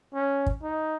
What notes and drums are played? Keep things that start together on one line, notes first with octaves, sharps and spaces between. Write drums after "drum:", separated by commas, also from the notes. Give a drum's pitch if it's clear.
C#4
drum: kick
D#4